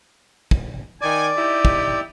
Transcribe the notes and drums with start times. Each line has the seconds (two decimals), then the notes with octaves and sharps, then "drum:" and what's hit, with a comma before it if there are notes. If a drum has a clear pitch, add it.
0.51 drum: kick
1.01 D#3 D5 G#5
1.36 D#4 E4 G4
1.65 drum: kick